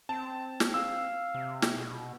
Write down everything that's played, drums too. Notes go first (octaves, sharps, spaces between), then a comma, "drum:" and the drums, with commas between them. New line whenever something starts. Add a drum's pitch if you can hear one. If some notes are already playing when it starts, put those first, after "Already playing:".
C4 A5
drum: snare
F5 E6
C3
drum: snare
B2